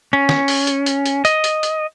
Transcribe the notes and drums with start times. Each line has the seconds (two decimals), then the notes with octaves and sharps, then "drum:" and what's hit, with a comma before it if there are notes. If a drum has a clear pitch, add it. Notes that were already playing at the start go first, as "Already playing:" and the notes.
0.13 C#4
0.29 drum: snare
0.48 drum: open hi-hat
0.67 drum: hi-hat
0.86 drum: hi-hat
1.06 drum: hi-hat
1.25 D#5, drum: hi-hat
1.44 drum: hi-hat
1.63 drum: hi-hat